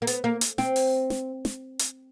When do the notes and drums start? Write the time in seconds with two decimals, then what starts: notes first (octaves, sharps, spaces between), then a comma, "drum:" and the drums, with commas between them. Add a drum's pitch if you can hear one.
0.02 A#3
0.07 B3, drum: hi-hat
0.24 A#3
0.41 drum: hi-hat
0.58 C4, drum: snare
0.76 drum: open hi-hat
1.10 drum: snare
1.45 drum: snare
1.79 drum: hi-hat